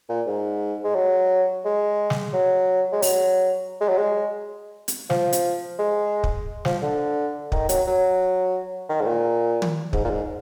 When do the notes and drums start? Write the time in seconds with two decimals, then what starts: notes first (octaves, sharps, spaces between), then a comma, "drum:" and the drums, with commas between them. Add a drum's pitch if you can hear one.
0.09 A#2
0.27 G#2
0.84 G#3
0.95 F#3
1.65 G#3
2.10 drum: snare
2.34 F#3
2.92 G#3
3.02 F#3, drum: open hi-hat
3.81 G#3
3.89 F#3
3.98 G#3
4.88 drum: hi-hat
5.10 F3, drum: snare
5.33 drum: hi-hat
5.79 G#3
6.24 drum: kick
6.65 F3, drum: snare
6.82 D3
7.52 D#3, drum: kick
7.69 F#3, drum: hi-hat
7.87 F#3
8.89 D#3
9.01 G#2
9.07 A#2
9.62 drum: tom
9.93 G#2, drum: kick
10.04 A#2
10.10 G#2